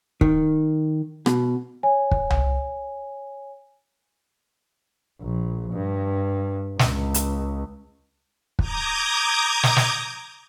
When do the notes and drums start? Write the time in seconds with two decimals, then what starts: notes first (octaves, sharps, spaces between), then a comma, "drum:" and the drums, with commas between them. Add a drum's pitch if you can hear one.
0.21 D#3, drum: kick
1.26 B2, drum: rim click
1.83 C#5 G#5
2.11 drum: kick
2.30 drum: tom C2
5.21 A#1
5.74 G2
6.79 C#2, drum: snare
7.14 drum: hi-hat
8.59 A#5 D6 D#6 G6 G#6, drum: kick
9.63 drum: snare
9.77 drum: snare